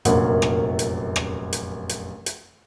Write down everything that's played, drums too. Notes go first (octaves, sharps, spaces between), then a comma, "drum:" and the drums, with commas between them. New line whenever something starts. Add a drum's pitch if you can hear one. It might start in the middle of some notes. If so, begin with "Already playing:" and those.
F1 A#1 F#2 A#3 F#5, drum: hi-hat
drum: rim click
drum: hi-hat
drum: rim click
drum: hi-hat
drum: hi-hat
drum: hi-hat